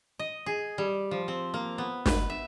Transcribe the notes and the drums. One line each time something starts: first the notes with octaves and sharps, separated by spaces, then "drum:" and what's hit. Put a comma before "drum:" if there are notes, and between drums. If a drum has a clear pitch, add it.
D#5
G#4
G3
F3
C4
A#3
B3
B4, drum: snare
E5